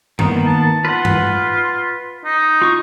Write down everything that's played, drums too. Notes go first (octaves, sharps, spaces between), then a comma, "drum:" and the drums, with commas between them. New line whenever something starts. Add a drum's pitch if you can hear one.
D#3 A#3 B3, drum: tom G2
A5
F4 B4 F#5
drum: tom G2
D#4
F4 C#6